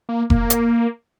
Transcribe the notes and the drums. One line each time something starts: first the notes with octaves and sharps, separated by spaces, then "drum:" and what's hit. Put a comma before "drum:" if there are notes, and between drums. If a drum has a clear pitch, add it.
A#3
A#3, drum: kick F1
drum: hi-hat